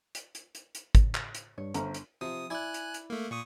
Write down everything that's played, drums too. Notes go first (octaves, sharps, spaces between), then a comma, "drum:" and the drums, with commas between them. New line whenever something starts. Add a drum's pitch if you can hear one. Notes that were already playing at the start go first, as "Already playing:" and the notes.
drum: hi-hat
drum: hi-hat
drum: hi-hat
drum: hi-hat
drum: kick, hi-hat
drum: clap
drum: hi-hat
G2 G3 C#5
G1 C#4 A4 C5 A#5, drum: hi-hat
drum: hi-hat
C3 F3 D#6
E4 D5 G#5 F#6
drum: hi-hat
drum: hi-hat
A3 A#3
A#2 C#6 D#6